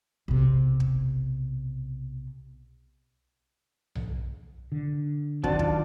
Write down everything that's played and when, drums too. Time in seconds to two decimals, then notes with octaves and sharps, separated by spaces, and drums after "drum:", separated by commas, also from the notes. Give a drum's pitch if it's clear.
0.28 B1 C3
0.80 drum: kick
3.95 drum: tom B1
4.72 D3
5.44 F#2 D#3 C4 D4 F#4 A5, drum: kick
5.59 F4, drum: kick